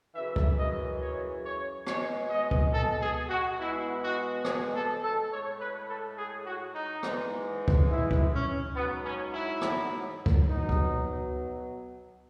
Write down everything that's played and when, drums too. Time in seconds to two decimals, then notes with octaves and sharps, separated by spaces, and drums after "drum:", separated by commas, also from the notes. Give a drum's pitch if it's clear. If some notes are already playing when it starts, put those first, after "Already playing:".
0.14 F#2 C#3 E3 E5
0.36 drum: kick C#2
0.57 D#5
1.01 C#5
1.44 C#5
1.87 B2 G#3 C#5, drum: rim click
2.29 D#5
2.51 drum: kick C#2
2.72 A4
3.01 G#4
3.30 F#4
3.59 B2 G#3 E4
4.03 F#4
4.45 G#4, drum: rim click
4.74 A4
5.03 A4
5.30 A2 G#3 C#5
5.59 B4
5.89 A4
6.17 G#4
6.45 F#4
6.74 D#4
7.03 G#2 E3 G#3, drum: rim click
7.68 drum: kick C#2
7.89 E4
8.11 drum: kick C#2
8.33 C#4
8.75 G#2 F#3 B3
9.05 C#4
9.33 E4
9.61 drum: rim click
10.26 drum: kick C#2
10.47 B2 F#3 D#4
10.69 drum: kick C#2